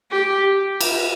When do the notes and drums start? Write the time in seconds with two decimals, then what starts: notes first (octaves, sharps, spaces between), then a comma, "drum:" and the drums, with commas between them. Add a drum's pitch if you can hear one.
0.11 G4
0.81 drum: cymbal